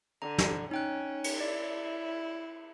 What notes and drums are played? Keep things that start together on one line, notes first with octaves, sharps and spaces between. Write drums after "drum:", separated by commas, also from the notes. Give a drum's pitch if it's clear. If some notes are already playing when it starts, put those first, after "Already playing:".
D3 A#5
drum: snare
C#4 D#4 G5 F#6
drum: cymbal
E4 D5